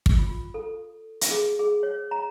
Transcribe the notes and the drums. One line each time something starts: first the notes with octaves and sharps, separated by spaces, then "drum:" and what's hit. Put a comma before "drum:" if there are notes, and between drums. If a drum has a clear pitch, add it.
drum: kick
F4
A4
drum: hi-hat
G#4
G#4
C#5
A#5